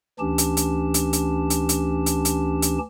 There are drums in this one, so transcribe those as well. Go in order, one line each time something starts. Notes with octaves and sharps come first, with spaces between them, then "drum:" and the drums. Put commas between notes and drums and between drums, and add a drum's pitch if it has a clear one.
D2 E3 C#4 D4 G4 A5
drum: hi-hat
drum: hi-hat
drum: hi-hat
drum: hi-hat
drum: hi-hat
drum: hi-hat
drum: hi-hat
drum: hi-hat
drum: hi-hat